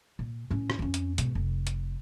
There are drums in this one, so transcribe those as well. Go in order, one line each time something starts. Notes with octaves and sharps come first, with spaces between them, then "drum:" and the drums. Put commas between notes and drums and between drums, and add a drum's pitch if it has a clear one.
A#2
A2 C#4
drum: rim click
F2 C#4
drum: hi-hat
G#2 B2, drum: hi-hat
F1
drum: hi-hat